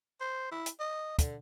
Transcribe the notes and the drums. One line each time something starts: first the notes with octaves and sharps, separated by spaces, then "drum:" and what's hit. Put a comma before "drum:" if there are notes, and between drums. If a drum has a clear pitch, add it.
C5
E4
drum: hi-hat
D#5
D3, drum: kick, hi-hat